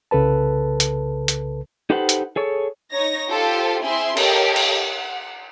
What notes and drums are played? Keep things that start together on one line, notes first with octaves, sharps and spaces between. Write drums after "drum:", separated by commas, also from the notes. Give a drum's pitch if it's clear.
C2 C#3 A4 B4 A5
drum: hi-hat
drum: hi-hat
D#4 G4 A4 B4 C5 F#5
drum: hi-hat
G#4 A4 C#5
D#4 C#5 A#6
F4 G4 A4 C5 F5
C4 E4 G#4 E5 C6
G4 A4 A#4 C#5 D#5 F5, drum: cymbal
drum: cymbal
F#5